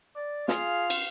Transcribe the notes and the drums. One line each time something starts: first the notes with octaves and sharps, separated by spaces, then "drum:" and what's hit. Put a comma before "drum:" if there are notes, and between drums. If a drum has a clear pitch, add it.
D5
F4 G#4 F5, drum: snare
drum: cymbal